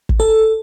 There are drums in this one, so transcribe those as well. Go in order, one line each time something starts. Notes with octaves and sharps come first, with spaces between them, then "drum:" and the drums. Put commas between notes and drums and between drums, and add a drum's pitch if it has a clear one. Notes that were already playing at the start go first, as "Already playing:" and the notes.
drum: kick
A4